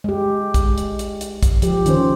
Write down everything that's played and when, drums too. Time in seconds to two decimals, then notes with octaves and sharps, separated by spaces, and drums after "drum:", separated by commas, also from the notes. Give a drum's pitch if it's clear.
0.04 G#3 G4
0.54 G#3, drum: kick, hi-hat
0.78 drum: hi-hat
0.99 drum: hi-hat
1.21 drum: hi-hat
1.43 drum: kick, hi-hat
1.62 F3 G4, drum: hi-hat
1.86 D#3 C#4 C5, drum: hi-hat